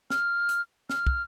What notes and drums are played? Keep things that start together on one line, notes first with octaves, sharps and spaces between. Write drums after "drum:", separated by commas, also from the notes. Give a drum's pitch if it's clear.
F6, drum: snare
drum: hi-hat
F6, drum: snare
drum: kick